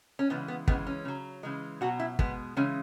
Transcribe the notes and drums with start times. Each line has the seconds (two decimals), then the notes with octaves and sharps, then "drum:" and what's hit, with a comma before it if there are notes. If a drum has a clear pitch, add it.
0.19 C#4
0.30 C#3 E3 G#3 B3
0.48 B3
0.68 C#3 E3 G#3 B3, drum: kick
0.87 C#4
1.05 C#3 F#3
1.43 C#3 E3 G#3
1.81 B2 F#3 F#4
2.00 E4
2.19 B2 G#3 B3, drum: kick
2.57 C#3 E3 G#3 C#4